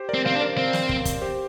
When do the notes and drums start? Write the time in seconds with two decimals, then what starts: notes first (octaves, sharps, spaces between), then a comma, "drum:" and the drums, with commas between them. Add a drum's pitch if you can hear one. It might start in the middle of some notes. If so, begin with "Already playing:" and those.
Already playing: G4 C5
0.09 A#4 D5
0.14 C4
0.25 C4 C5 F5
0.35 D4
0.41 A#4 D5
0.58 C4
0.73 drum: snare
0.89 drum: kick
1.05 drum: kick, hi-hat
1.22 G4 C5